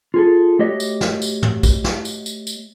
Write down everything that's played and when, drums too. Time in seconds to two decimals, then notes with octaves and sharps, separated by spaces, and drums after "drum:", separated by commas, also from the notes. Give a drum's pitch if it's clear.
0.14 F4 G#4 A4
0.59 A3 F#4 G4 C#5 D#5
0.80 drum: tambourine
1.01 drum: snare
1.22 drum: tambourine
1.43 drum: tom
1.63 drum: kick A#1, tambourine
1.84 drum: snare
2.05 drum: tambourine
2.26 drum: tambourine
2.47 drum: tambourine